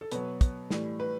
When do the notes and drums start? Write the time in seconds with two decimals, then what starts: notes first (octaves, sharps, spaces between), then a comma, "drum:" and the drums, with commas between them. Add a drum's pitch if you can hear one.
0.01 A4
0.11 B2 F#3 B4, drum: hi-hat
0.41 drum: kick, hi-hat
0.70 A2 E3 G3, drum: snare
1.00 B4